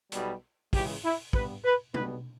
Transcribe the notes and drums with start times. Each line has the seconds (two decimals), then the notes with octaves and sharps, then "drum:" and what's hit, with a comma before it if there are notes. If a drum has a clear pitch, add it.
0.12 B1 B2 G3, drum: hi-hat
0.73 C#2 C#3 E3 G#3 G4, drum: kick, open hi-hat
1.04 E4
1.33 G2 G3 B3 B4, drum: kick
1.65 B4
1.94 B1 B2 G3 B3 B4, drum: tom